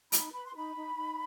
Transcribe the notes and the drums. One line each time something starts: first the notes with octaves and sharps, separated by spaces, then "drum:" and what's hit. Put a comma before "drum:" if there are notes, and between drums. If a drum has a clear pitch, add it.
D#4 B5, drum: hi-hat
B4 B5
C6
D#4 B5
D#4
D#4